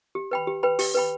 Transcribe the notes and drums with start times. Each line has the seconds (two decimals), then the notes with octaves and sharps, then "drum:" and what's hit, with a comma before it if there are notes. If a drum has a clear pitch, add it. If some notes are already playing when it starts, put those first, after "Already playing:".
0.15 G4
0.31 B4 G5 B5
0.47 G4
0.63 B4 G5 B5
0.79 G4, drum: open hi-hat
0.95 B4 G5 B5